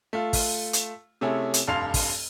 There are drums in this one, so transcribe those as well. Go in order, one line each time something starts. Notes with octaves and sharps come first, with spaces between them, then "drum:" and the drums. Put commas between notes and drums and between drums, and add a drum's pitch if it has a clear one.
A3 F4
drum: kick, open hi-hat
drum: hi-hat
C3 A3 C#4 E4 G#4
drum: hi-hat
F1 G2 F5 C6 F7
drum: kick, open hi-hat